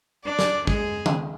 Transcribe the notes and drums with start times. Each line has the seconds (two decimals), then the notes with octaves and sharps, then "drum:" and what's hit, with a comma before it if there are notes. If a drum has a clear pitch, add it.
0.24 D4 D5
0.39 drum: snare
0.67 G#3 G#4, drum: kick
1.06 drum: tom D#3